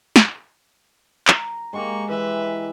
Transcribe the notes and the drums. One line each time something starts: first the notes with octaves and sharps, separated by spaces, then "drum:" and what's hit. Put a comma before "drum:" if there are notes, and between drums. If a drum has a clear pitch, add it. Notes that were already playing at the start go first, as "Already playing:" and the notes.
drum: snare
A#5, drum: clap
G#3 A#3 D#4 G4 C#6
E3 B4 E5